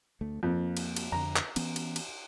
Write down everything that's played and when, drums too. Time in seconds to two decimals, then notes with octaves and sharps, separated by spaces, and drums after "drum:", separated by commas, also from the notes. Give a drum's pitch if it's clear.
0.21 D2 A3
0.43 F2 F3 A#3
0.77 drum: cymbal
0.96 drum: cymbal
1.12 F2 D3 A#5
1.36 drum: clap
1.56 E3 B3 C#4, drum: cymbal
1.76 drum: cymbal
1.96 drum: cymbal